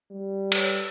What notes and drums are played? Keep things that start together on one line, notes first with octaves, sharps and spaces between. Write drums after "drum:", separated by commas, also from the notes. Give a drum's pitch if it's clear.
G3
A4 B4 C#5, drum: cymbal